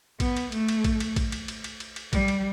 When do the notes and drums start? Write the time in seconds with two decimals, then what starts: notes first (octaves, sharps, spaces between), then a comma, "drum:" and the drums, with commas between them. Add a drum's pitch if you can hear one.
0.20 B3, drum: kick A#1, cymbal
0.37 drum: cymbal
0.52 A3, drum: cymbal
0.68 drum: cymbal
0.84 drum: kick A#1, cymbal
1.00 drum: cymbal
1.16 drum: kick A#1, cymbal
1.32 drum: cymbal
1.48 drum: cymbal
1.64 drum: cymbal
1.80 drum: cymbal
1.96 drum: cymbal
2.13 G3, drum: kick A#1, cymbal
2.28 drum: cymbal